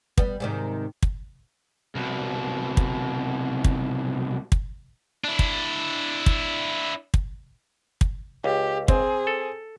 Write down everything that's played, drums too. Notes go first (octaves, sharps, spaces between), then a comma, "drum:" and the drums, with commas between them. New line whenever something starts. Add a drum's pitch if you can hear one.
G3 B3, drum: kick
G#2 C3 D#3
drum: kick
C2 B2
drum: kick
drum: kick
drum: kick
D4 E4
drum: kick
drum: kick
drum: kick
drum: kick
C#2 G4
C4 G#4, drum: kick
A4